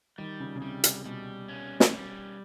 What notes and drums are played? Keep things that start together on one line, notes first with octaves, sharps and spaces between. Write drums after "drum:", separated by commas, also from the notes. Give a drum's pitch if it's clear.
D#3 G3
C#3
C#3
C3 G3
C3, drum: hi-hat
B2 G3
C#4
drum: snare
G3